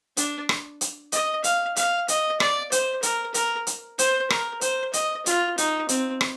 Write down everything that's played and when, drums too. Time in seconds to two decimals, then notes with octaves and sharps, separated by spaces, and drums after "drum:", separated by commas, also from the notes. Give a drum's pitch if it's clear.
0.17 D4, drum: hi-hat
0.49 drum: rim click
0.81 drum: hi-hat
1.12 D#5, drum: hi-hat
1.44 F5, drum: hi-hat
1.76 F5, drum: hi-hat
2.08 D#5, drum: hi-hat
2.40 D5, drum: rim click
2.72 C5, drum: hi-hat
3.03 A#4, drum: hi-hat
3.34 A#4, drum: hi-hat
3.67 drum: hi-hat
3.99 C5, drum: hi-hat
4.30 A#4, drum: rim click
4.61 C5, drum: hi-hat
4.93 D#5, drum: hi-hat
5.26 F4, drum: hi-hat
5.58 D#4, drum: hi-hat
5.89 C4, drum: hi-hat
6.21 drum: rim click